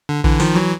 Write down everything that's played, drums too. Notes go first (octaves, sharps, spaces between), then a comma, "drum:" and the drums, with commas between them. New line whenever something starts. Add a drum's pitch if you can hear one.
D3
D3 E3, drum: kick A#1
D#3 F3, drum: open hi-hat
E3 F#3